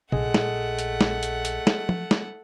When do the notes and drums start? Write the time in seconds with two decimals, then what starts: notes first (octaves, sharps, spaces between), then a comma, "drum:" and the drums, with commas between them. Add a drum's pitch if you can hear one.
0.12 A#1 A3 G#4 D#5 F#5, drum: tom C3
0.34 drum: snare
0.79 drum: hi-hat
1.01 drum: snare
1.23 drum: hi-hat
1.45 drum: hi-hat
1.67 drum: snare
1.89 drum: tom F3
2.11 drum: snare